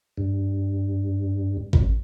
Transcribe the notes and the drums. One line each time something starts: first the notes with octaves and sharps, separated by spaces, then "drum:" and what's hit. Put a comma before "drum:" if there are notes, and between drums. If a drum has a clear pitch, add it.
G2
F#2, drum: kick G#1